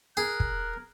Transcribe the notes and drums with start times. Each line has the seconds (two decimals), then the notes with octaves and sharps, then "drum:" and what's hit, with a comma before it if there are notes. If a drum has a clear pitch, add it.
0.17 G#4 A#4 F#6
0.40 drum: kick